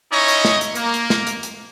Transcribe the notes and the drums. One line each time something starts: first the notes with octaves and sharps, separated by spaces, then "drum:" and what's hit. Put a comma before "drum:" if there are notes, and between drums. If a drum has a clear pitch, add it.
C#4 D#4 E4 C#5 D#5
drum: hi-hat
drum: snare
drum: hi-hat
A#3, drum: hi-hat
drum: hi-hat
drum: snare
drum: hi-hat
drum: hi-hat